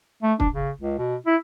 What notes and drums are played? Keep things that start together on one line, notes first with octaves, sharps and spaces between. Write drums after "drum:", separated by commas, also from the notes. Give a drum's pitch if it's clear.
A3
D4, drum: kick
C#3
C#2
B2
E4